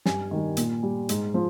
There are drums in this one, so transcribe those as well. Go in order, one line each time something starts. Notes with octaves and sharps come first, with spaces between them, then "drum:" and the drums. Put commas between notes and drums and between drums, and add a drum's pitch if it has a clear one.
G2 G#5, drum: snare
D#3 G3
A#2, drum: hi-hat
G3
G#2, drum: hi-hat
F3